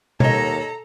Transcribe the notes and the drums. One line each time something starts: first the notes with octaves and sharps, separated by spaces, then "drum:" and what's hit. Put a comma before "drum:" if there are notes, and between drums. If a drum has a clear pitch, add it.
D#2 A4 C#5 D#5 A#5, drum: tom B2